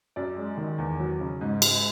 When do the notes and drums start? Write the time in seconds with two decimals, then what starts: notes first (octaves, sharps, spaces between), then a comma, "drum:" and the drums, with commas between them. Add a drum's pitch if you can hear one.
0.16 F#2 D5
0.37 G#3
0.57 D#3
0.78 E2
0.99 F#3
1.20 C#3
1.41 G#2
1.62 G#3, drum: cymbal